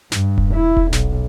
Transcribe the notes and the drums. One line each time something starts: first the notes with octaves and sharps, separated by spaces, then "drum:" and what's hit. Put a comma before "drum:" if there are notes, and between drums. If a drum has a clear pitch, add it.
G2, drum: snare
drum: kick E1
E4
drum: kick E1
B1, drum: snare